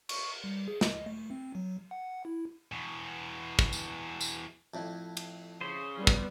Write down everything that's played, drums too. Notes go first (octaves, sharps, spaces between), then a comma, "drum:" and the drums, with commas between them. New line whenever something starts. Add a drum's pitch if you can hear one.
C#6, drum: cymbal
G3
G#4
D#5, drum: snare
A3
C4
F#3
F#5
E4
E2 B2
drum: kick
drum: tambourine
drum: tambourine
F2 A2
drum: cymbal
C#3 C5
G3 B3
drum: kick